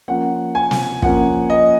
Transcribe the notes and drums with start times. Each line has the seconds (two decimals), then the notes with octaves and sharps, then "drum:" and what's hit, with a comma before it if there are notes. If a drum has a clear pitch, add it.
0.08 F3 A#3 C#4 F#5
0.55 G#5
0.71 drum: snare
1.02 F3 A#3 C#4 F#5, drum: kick
1.50 D#5